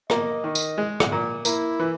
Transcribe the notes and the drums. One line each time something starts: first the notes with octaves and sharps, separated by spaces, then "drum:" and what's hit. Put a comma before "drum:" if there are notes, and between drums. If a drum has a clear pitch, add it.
A#3 D#5, drum: rim click
D#3
drum: tambourine
G#3
drum: rim click
A#2
A#3 E4, drum: tambourine
E3